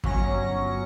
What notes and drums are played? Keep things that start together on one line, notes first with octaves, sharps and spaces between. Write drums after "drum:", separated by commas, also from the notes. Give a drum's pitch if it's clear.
G1 F#3 C#4 A#6 C#7, drum: kick